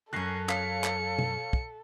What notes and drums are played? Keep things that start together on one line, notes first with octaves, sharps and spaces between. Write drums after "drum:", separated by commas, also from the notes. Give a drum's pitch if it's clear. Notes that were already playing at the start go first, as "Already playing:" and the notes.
C#2 F#2 C#4 A4 F#6 A#6 C7
C#5 F5 B6 C#7, drum: clap
drum: clap
drum: tom B2
drum: kick